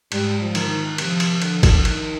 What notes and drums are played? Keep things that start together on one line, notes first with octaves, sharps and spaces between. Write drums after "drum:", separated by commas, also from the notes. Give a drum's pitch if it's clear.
G#2 G3, drum: cymbal
F3
D#3, drum: cymbal
D#3
C3 F3, drum: cymbal
drum: cymbal
D3, drum: cymbal
drum: kick, cymbal
D#3, drum: cymbal